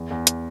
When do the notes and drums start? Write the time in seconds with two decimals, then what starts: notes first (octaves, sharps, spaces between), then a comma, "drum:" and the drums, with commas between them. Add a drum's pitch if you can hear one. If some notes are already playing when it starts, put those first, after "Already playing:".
Already playing: E2
0.11 E2
0.27 drum: hi-hat